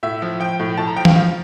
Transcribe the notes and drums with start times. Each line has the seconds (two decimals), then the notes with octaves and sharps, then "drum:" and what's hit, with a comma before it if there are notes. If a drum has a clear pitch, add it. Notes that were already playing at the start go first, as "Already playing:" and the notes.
0.03 A2 E5
0.22 F3
0.40 F3 G5
0.60 A2
0.77 A2 A5
0.87 A#5
0.96 F3 G5
1.05 F5, drum: tom E3
1.15 F3 F5